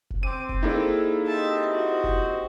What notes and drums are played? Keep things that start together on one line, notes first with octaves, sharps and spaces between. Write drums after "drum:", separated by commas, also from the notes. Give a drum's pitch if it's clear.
drum: kick F1
C4 D6 D#7
drum: kick F1
A#3 D#4 E4 G#4 A4 D5
C4 G4 D#5 E5 A5
F#4 C5
drum: kick F1